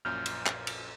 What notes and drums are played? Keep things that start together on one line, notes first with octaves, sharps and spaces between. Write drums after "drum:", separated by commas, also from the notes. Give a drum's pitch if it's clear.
A#1 F#2 A#2 F6 G6
drum: cymbal
drum: clap
drum: cymbal